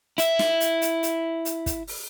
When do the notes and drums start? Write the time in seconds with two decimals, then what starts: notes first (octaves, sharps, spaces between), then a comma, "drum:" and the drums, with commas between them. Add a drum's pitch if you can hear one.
0.18 E4 E5, drum: hi-hat
0.39 drum: snare
0.60 drum: hi-hat
0.82 drum: hi-hat
1.03 drum: hi-hat
1.45 drum: hi-hat
1.66 drum: kick, hi-hat
1.87 drum: open hi-hat